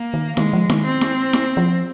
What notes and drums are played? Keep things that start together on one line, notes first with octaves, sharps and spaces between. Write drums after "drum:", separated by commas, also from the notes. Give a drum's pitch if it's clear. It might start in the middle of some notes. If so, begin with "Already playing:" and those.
Already playing: A#3
D#3
D#3 G#3, drum: snare E4
F3
D#3, drum: snare E4
C4
drum: snare E4
drum: snare E4
F3